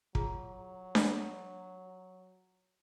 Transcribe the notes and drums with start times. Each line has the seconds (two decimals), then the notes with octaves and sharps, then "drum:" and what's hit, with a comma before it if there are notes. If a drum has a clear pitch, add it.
0.15 F#3 F4 G#4 A#5, drum: kick
0.95 drum: snare D4